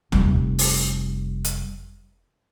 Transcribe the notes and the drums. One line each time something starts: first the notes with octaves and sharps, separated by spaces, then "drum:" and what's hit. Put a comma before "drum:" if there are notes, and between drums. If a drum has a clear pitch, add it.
F1 G3, drum: tom D#2
drum: open hi-hat
drum: hi-hat